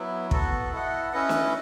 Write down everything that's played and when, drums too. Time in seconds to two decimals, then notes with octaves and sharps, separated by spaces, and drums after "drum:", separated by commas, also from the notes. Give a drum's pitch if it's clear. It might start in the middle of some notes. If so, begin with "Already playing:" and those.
Already playing: F#3 B3 E4
0.31 B3 F#4 A4, drum: kick
0.72 E4 A4 D#5 F#5
1.13 C#4 E4 B4 D#5
1.29 drum: snare